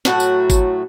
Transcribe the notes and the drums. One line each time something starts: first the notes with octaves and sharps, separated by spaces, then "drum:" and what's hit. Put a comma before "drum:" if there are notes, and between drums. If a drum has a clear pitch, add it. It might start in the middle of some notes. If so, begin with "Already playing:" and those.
A2 F#3 A3 F#4, drum: snare
drum: tambourine
drum: kick G#1, tambourine